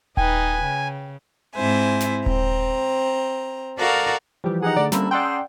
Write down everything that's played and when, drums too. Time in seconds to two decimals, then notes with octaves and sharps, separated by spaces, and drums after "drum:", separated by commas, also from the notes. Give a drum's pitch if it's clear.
0.17 D#4 B4 G5 G#5, drum: kick D#1
0.62 C#3
1.56 G#2 C4 E4 C5 E5 G#5
2.00 drum: snare
2.26 C4 A#5, drum: kick D#1
3.78 F#4 A4 A#4 D5 F5
4.44 E3 F3 G3 G4
4.62 D#4 G4 G#4 F#5 A#5
4.77 D3 A3 G#4 D5
4.92 D3 G3 A#3 C4 C#4 E4 A#5, drum: snare
5.11 G#4 D5 F#5 G5 C6 E6